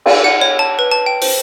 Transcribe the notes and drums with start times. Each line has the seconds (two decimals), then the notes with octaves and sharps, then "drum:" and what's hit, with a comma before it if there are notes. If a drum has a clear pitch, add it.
0.05 drum: cymbal
0.24 F#5
0.41 C#5
0.59 A5
0.79 B4
0.91 A5
1.06 G5
1.22 C5, drum: open hi-hat